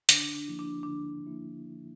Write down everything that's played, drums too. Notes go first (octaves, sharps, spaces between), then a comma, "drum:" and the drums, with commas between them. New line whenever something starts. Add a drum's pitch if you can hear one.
D3 D4, drum: hi-hat
D4
F3 A#3 E4
D4
D3 D4
F3 A#3 E4